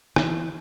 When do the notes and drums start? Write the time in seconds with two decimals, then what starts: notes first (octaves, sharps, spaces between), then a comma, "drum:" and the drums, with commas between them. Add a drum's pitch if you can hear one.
0.16 E3, drum: rim click